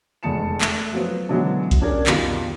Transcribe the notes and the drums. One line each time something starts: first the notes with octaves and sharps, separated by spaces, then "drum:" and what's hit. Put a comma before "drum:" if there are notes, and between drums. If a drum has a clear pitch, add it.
F1 E2 G#3 A5 C#7 E7
A3 A4 F#6, drum: clap
F3 F#3 B3 C5
B2 D3 E3 F#3 G#3 D4
drum: kick B1, hi-hat
C#4 D4 G4 G#4 A#4 D5
F2 B2 D#3 F3 G3, drum: clap